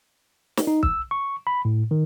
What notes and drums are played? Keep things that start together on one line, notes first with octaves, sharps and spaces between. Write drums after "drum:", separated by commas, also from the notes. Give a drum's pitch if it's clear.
drum: snare
D#4
E6, drum: kick
C#6
B5
A2
D#3